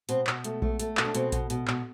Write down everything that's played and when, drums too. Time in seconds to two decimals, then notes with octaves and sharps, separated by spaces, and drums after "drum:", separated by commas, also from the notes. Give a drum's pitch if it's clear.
0.09 B2 C4, drum: hi-hat
0.27 B2, drum: clap
0.44 A3, drum: hi-hat
0.62 A3, drum: kick A#1
0.79 A3, drum: hi-hat
0.97 B2, drum: clap
1.05 D4
1.15 B2 C4, drum: hi-hat
1.32 B2, drum: kick A#1, hi-hat
1.50 B2, drum: hi-hat
1.68 B2, drum: clap